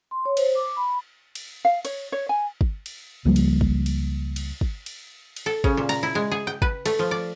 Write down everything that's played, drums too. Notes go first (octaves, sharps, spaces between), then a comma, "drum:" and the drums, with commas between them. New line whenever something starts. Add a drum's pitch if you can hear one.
C6
C#5
C5, drum: cymbal
D6
B5
drum: cymbal
F5
C#5, drum: cymbal
C#5
G#5
drum: kick
drum: cymbal
C#2 F3 G3 A#3
drum: cymbal
drum: kick
drum: cymbal
drum: cymbal
drum: kick
drum: cymbal
drum: cymbal
A4
C#3, drum: kick
A#2
A#5, drum: cymbal
E4
G#3
G#4
G5
B4, drum: kick
A3, drum: cymbal
F3
D5